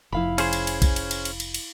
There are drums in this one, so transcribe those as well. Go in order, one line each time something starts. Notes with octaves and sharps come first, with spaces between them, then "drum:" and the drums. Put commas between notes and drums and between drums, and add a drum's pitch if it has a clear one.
F1 F3 E4 F5 B5
C#4 G#4 C5, drum: cymbal
drum: cymbal
drum: cymbal
drum: kick A#1, cymbal
drum: cymbal
drum: cymbal
drum: cymbal
drum: cymbal
drum: cymbal